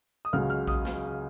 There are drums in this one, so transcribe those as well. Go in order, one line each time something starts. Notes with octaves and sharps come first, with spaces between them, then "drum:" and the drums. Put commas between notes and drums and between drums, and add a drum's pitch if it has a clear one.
D#6
C#2 C#3 F#3 F6
F6
D#6, drum: kick A#1
drum: snare